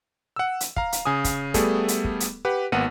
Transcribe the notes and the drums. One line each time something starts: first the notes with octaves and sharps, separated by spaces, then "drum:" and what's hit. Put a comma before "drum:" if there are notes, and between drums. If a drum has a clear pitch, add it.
F#5 E6
drum: hi-hat
F5 A#5, drum: kick
drum: hi-hat
C#3 G#5 D#6
drum: kick, hi-hat
G3 A3 B3 G#4 A4, drum: kick, hi-hat
drum: hi-hat
drum: kick
drum: hi-hat
G4 B4 F#5
G#1 A#3 B3 F#5 D#7